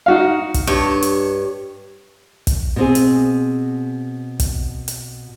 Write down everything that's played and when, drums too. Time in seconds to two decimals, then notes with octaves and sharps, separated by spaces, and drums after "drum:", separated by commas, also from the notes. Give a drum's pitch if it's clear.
0.06 D#4 F#4 F5
0.54 drum: kick, hi-hat
0.67 G2 C#5
1.02 drum: hi-hat
2.47 drum: kick, hi-hat
2.76 B2 C4 G#4
2.95 drum: hi-hat
4.40 drum: kick, hi-hat
4.88 drum: hi-hat